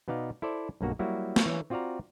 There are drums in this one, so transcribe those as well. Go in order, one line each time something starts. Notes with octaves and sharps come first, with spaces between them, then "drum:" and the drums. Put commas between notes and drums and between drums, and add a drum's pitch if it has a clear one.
B2 B3 D#4 D5 F5
E4 A4 C5 D5 E5
B1 G2 A#3 F#4
F#3 G3 A#3 E4 F#4
drum: snare
E3 C#5
C4 F4 F#4 D5 F5 A#5